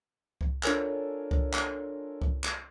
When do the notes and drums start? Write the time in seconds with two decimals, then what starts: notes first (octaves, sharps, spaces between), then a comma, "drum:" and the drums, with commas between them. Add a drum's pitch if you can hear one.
0.41 drum: kick C2
0.63 D4 F4 A4 A#4 C#5 G#5, drum: clap
1.31 drum: kick C2
1.54 drum: clap
2.22 drum: kick C2
2.44 drum: clap